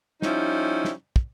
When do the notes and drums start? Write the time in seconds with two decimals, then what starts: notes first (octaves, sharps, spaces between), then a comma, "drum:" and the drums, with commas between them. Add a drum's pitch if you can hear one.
0.22 F3 G3 C#4 D#4 E4, drum: snare
0.85 drum: snare
1.16 drum: kick